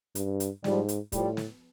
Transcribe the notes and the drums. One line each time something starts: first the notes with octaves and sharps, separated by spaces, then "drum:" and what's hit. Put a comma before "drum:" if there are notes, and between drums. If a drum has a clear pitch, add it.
G2, drum: hi-hat
drum: hi-hat
G#2 F3 G3, drum: snare
drum: hi-hat
A2 F3 G3, drum: kick, hi-hat
drum: snare